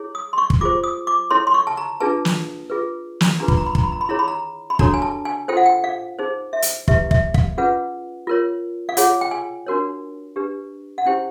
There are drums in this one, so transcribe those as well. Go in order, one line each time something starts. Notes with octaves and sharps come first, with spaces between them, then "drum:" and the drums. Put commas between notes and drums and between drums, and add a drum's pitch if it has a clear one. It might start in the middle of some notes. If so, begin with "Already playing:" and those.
Already playing: E4 G#4 C#5
D#6
C6
C#6
drum: kick
F4 G#4 C5 D6
D#6
D6
E4 A4 C#5 C6
C6
C#6
A5
A#5
D4 F4 G#4 B4 A5
drum: snare
F4 G#4 B4
drum: snare
D4 F4 G#4 B4 A#5
B5, drum: kick
A#5
B5
A#5, drum: kick
B5
A#5
B5
E4 G#4 C#5 A#5
B5
A#5
B5
D4 F#4 A4 C#5 A#5, drum: kick
G#5
A5
G#5
F4 A4 C5 G5
F#5
G5
F5
D#4 G#4 C5
E5
drum: hi-hat
E4 G4 B4 E5, drum: kick
E5, drum: kick
F5, drum: kick
C#4 F4 G#4 B4 F#5
F4 A#4 C#5
F5
F4 G#4 C#5 F#5, drum: hi-hat
G5
G#5
D4 F#4 A#4 C#5
D4 G4 B4
F#5
C#4 E4 G4 C5 G5